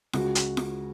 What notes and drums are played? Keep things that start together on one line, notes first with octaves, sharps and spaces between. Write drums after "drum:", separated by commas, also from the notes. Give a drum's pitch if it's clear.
C#2 F#4, drum: snare F4
drum: hi-hat
drum: snare F4